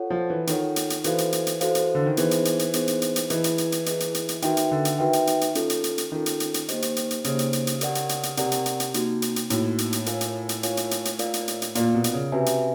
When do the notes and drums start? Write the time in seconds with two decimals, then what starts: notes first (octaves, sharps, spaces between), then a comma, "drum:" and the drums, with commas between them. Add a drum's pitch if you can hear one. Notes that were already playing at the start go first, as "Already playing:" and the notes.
Already playing: F4 A4 C#5 F#5
0.10 F3
0.30 E3
0.47 D#3 F4 A4 C#5 F#5, drum: hi-hat
0.76 drum: hi-hat
0.90 drum: hi-hat
1.04 E3 F#4 A4 C5 F5, drum: hi-hat
1.18 drum: hi-hat
1.32 drum: hi-hat
1.47 drum: hi-hat
1.61 F#4 A4 C5 F5, drum: hi-hat
1.75 drum: hi-hat
1.95 D3
2.06 D#3
2.17 E3 B3 D#4 G#4 C5, drum: hi-hat
2.31 drum: hi-hat
2.45 drum: hi-hat
2.59 drum: hi-hat
2.74 B3 D#4 G#4 C5, drum: hi-hat
2.88 drum: hi-hat
3.02 drum: hi-hat
3.16 drum: hi-hat
3.30 E3 E4 G#4 B4 D#5, drum: hi-hat
3.44 drum: hi-hat
3.58 drum: hi-hat
3.72 drum: hi-hat
3.86 E4 G#4 B4 D#5, drum: hi-hat
4.00 drum: hi-hat
4.14 drum: hi-hat
4.29 drum: hi-hat
4.42 D#3 D#4 F#4 B4 E5 G5, drum: hi-hat
4.57 drum: hi-hat
4.71 D3
4.85 drum: hi-hat
4.99 D#3 D#4 F#4 B4 E5 G5
5.13 drum: hi-hat
5.27 drum: hi-hat
5.41 drum: hi-hat
5.55 C#4 F4 A4, drum: hi-hat
5.70 drum: hi-hat
5.84 drum: hi-hat
5.98 drum: hi-hat
6.12 D#3 C#4 F4 A4
6.26 drum: hi-hat
6.40 drum: hi-hat
6.54 drum: hi-hat
6.68 A#3 D#4 G4 C5 D#5, drum: hi-hat
6.82 drum: hi-hat
6.96 drum: hi-hat
7.11 drum: hi-hat
7.24 C#3 A#3 D#4 G4 C5 D#5, drum: hi-hat
7.39 drum: hi-hat
7.53 drum: hi-hat
7.67 drum: hi-hat
7.81 G4 A#4 D5 F#5, drum: hi-hat
7.95 drum: hi-hat
8.09 drum: hi-hat
8.23 drum: hi-hat
8.37 C3 G4 A#4 D5 F#5, drum: hi-hat
8.52 drum: hi-hat
8.66 drum: hi-hat
8.80 drum: hi-hat
8.94 A#3 D#4 F#4, drum: hi-hat
9.22 drum: hi-hat
9.36 drum: hi-hat
9.50 A2 A#3 D#4 F#4, drum: hi-hat
9.78 drum: hi-hat
9.93 drum: hi-hat
10.06 F4 A#4 C#5 F5 G#5, drum: hi-hat
10.21 drum: hi-hat
10.49 drum: hi-hat
10.63 F4 A#4 C#5 F5 G#5, drum: hi-hat
10.77 drum: hi-hat
10.91 drum: hi-hat
11.05 drum: hi-hat
11.19 F4 A#4 D5 F5, drum: hi-hat
11.34 drum: hi-hat
11.48 drum: hi-hat
11.62 drum: hi-hat
11.75 A#2 F4 A#4 D5 F5, drum: hi-hat
11.94 B2
12.04 drum: hi-hat
12.13 C#3
12.32 C3 C#4 F#4 B4 E5 G#5
12.46 drum: hi-hat